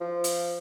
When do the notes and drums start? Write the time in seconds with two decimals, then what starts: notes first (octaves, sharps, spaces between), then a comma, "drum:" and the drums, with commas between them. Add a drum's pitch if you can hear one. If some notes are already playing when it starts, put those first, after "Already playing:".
0.01 F3
0.24 drum: hi-hat